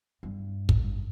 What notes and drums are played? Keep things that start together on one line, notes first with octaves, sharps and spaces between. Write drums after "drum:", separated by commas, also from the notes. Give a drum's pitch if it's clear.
G2
drum: kick